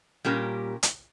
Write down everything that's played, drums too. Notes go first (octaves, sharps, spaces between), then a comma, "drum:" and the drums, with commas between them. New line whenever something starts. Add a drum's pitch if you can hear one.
A#2 G3 C#4 G4 A#4
drum: hi-hat